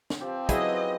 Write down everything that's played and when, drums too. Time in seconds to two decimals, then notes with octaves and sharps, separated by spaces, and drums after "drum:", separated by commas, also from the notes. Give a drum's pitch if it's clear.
0.10 drum: snare
0.20 F3 C4 G4 A5
0.49 F#3 C#4 E4 G#4 B4 D#5, drum: kick, hi-hat